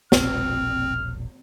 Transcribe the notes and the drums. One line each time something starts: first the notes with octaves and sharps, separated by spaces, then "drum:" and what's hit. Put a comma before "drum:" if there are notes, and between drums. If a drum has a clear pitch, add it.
E1 A#1 C4 F6, drum: snare